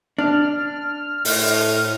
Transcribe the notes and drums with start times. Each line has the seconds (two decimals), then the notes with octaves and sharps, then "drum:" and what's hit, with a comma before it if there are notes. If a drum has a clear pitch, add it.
0.18 D4 F6
1.25 A2, drum: open hi-hat